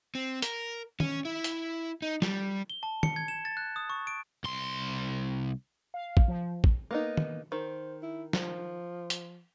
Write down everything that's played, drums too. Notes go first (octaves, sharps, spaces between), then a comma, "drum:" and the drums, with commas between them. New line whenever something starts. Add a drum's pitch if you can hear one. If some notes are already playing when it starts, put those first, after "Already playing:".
C4
A#4, drum: hi-hat
C#4, drum: tom
E4
drum: hi-hat
D#4
G3, drum: snare
G7
A5
C#7, drum: tom
G#6
E7
A6
F#6
D#6
C#6
D7
C2 C6
F5
drum: kick A#1
F3
drum: kick A#1
A#3 B3 D#4
drum: tom
D#3 C5
E4
F3, drum: snare
drum: hi-hat